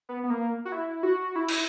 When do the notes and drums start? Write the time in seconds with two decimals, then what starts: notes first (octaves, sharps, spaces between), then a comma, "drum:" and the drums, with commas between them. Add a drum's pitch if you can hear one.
0.09 B3
0.24 B3
0.30 A#3
0.65 F#4
0.72 E4
1.03 F#4
1.36 E4
1.48 drum: cymbal